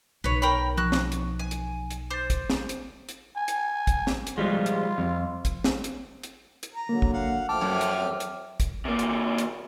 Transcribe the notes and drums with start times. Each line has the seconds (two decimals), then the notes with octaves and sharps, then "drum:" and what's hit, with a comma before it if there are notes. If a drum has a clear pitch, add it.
0.24 B1 B4 C#5
0.42 A#4 C#5 G5 B5
0.77 F3 F#4 F#6
0.92 drum: snare
1.12 drum: hi-hat
1.39 G#5
1.51 drum: hi-hat
1.90 drum: hi-hat
2.10 C5 D6 A6
2.30 drum: kick, hi-hat
2.50 drum: snare
2.69 drum: hi-hat
3.09 drum: hi-hat
3.36 G#5
3.48 drum: hi-hat
3.87 drum: kick, hi-hat
4.07 drum: snare
4.27 drum: hi-hat
4.38 F3 G3 G#3 F4
4.66 drum: hi-hat
4.98 F2
5.45 drum: kick, hi-hat
5.64 drum: snare
5.84 drum: hi-hat
6.23 drum: hi-hat
6.63 drum: hi-hat
6.75 A#5
6.89 D3 F#3 A#3
7.02 drum: kick
7.14 F5 F#5
7.49 F3 A3 G5 A5 D6 F6
7.61 F#2
7.81 drum: hi-hat
8.00 E2 C4 A4
8.20 drum: hi-hat
8.60 drum: kick, hi-hat
8.85 C3 A#3
8.99 drum: hi-hat
9.38 drum: hi-hat